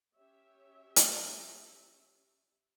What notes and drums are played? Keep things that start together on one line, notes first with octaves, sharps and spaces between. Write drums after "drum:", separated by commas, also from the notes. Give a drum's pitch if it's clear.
C#4 G4 C#5 E5
drum: hi-hat